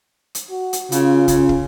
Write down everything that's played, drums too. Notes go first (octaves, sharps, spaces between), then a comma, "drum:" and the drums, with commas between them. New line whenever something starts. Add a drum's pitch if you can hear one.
drum: hi-hat
F#4
drum: hi-hat
C#3 F4, drum: hi-hat
C#3, drum: kick, hi-hat
drum: kick